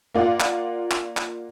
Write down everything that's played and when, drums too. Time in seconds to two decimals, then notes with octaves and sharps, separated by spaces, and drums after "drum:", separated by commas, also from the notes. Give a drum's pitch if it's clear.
0.15 A#3 F4 D5 F5 F#5
0.40 drum: clap
0.91 drum: clap
1.17 drum: clap